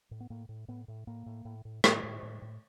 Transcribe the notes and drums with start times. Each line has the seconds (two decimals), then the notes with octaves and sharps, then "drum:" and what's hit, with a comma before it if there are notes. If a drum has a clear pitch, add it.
0.11 A2
0.20 B3
0.30 A2 A#3
0.49 A2
0.68 A2 B3
0.88 A2
1.07 A2 A#3
1.26 A2
1.45 A2
1.65 A2
1.84 A2, drum: rim click
2.03 A2
2.23 A2
2.42 A2